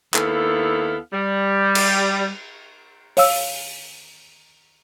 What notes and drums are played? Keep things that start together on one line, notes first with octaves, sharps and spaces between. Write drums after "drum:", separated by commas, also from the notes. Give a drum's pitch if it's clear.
D#2 B3 E4 A4 F5, drum: clap
G3
drum: cymbal
C#5 F5 E6, drum: open hi-hat